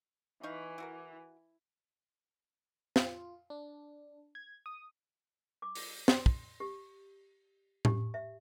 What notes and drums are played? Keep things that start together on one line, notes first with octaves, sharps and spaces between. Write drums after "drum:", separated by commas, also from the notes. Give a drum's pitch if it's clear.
E3 D#4 F5 C#6
E4 F#4 A#4
F4, drum: snare
D4
G#6
D#6
D6
drum: open hi-hat
C6, drum: snare
drum: kick
G4
G4, drum: tom A2
E5